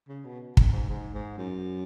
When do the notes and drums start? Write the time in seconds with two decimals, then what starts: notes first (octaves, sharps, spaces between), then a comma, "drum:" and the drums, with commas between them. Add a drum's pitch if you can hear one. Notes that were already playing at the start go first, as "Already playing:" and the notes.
0.08 C#3
0.25 B2
0.57 F#2, drum: kick
0.72 G#2
0.89 G#2
1.14 G#2
1.38 F#2